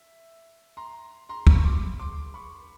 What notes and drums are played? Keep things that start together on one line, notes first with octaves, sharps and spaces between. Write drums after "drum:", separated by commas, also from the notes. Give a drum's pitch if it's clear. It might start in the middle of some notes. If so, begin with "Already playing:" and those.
Already playing: E5
A#5 C6
A#5 C6
B5 C#6, drum: kick
C6 D6
C6 D6
B5 C#6